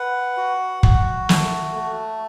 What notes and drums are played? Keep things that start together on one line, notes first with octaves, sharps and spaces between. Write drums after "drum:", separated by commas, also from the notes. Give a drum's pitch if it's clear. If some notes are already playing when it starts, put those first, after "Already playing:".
Already playing: B4 F#5
F#4
F#4, drum: kick
A3, drum: snare
A3